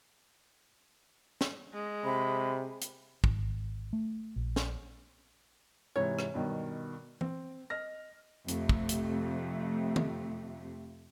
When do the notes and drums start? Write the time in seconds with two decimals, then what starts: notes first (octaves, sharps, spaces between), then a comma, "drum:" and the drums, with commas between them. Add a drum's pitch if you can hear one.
1.41 drum: snare
1.73 G#3
2.05 C3 B5
2.81 drum: hi-hat
3.24 G#1, drum: kick
3.93 A3
4.36 A#1
4.56 drum: snare
5.96 G#2 C3 E3 C#5
6.19 drum: rim click
6.34 G2 B2 D#3
7.21 C4, drum: tom
7.70 D#5 F6 A#6
8.48 F2 C3 A3, drum: hi-hat
8.69 drum: kick
8.89 drum: hi-hat
9.96 drum: tom